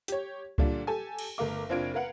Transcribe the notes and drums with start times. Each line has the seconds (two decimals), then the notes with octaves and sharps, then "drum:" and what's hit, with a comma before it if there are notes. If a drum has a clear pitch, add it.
0.08 G4 C#5, drum: hi-hat
0.58 A#2 D3 G3 D4 F4, drum: kick C#2
0.87 G4 A4 G#5
1.19 drum: cymbal
1.38 G1 A3 A#4 F5 D6
1.69 F#1 C4 D4 F4 G#6 D7
1.94 A#4 B4 F5 F#5